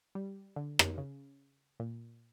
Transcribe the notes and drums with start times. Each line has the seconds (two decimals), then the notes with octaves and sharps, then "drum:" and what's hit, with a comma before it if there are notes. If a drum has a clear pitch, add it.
0.15 G3
0.56 D3
0.79 drum: rim click
0.97 C#3
1.80 A#2